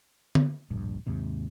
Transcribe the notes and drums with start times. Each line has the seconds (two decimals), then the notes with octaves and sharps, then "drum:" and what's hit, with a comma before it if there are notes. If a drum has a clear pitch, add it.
0.35 drum: tom D3
0.71 D1 A#1 G2
1.07 D#2 G#2 C3